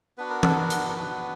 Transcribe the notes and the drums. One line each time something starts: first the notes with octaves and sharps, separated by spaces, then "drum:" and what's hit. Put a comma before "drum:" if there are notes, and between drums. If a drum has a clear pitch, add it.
B3 D4 F#4 B4
A#4
A4, drum: tom E3
A#4
drum: hi-hat
A#4
B3 D4 F#4 B4